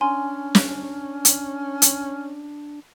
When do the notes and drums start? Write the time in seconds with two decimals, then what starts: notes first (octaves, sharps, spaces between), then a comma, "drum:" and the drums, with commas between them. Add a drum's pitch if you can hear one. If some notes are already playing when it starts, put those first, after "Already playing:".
0.01 C#4 D4 G#5 C6
0.55 drum: snare
1.25 drum: hi-hat
1.82 drum: hi-hat